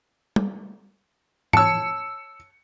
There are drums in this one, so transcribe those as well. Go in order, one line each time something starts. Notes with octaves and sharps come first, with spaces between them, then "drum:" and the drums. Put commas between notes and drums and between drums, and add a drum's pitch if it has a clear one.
drum: tom
C#5 A5 E6 C#7, drum: tom